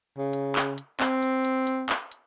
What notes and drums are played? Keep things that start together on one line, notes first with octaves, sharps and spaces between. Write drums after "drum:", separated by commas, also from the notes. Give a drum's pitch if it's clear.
C#3
drum: hi-hat
drum: clap
drum: hi-hat
C4, drum: clap
drum: hi-hat
drum: hi-hat
drum: hi-hat
drum: clap
drum: hi-hat